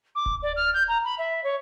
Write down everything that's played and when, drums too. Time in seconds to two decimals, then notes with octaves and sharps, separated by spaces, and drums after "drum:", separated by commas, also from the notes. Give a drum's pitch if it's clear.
0.15 D6
0.26 drum: kick D1
0.43 D5
0.56 F6
0.74 G6
0.88 A#5
1.04 B5
1.18 E5
1.44 C#5